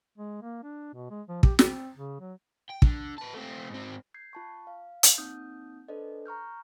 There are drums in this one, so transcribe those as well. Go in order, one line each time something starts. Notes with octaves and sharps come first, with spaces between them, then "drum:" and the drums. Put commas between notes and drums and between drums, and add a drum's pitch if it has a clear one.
G#3
A#3
D4
B2
G#3
F3
G4, drum: kick
C4, drum: snare
C#3
F#3
G5
D3, drum: kick
B3 A5
A3 C4
G#2 C4
G6 G#6 C7
F4 A5 C#6
F5
drum: hi-hat
A#3 C4 D#4 D#6 G6
D4 A4 B4 C5 D5 D#5
A#5 C#6 F6 G6